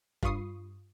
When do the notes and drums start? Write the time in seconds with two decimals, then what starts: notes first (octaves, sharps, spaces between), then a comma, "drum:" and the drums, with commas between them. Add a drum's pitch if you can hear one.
0.23 G2 F4 B5 C#6 D#6 C7, drum: kick F1